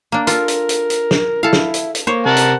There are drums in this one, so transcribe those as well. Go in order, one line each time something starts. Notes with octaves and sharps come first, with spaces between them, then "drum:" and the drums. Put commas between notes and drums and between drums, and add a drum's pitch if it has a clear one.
A#3 D4
F4 A4 A#4, drum: hi-hat
drum: hi-hat
drum: hi-hat
drum: hi-hat
drum: snare
E4 A4 F5
drum: snare
drum: hi-hat
drum: hi-hat
A#3 C5 C#5
C3 A#4 F#5 A5
drum: hi-hat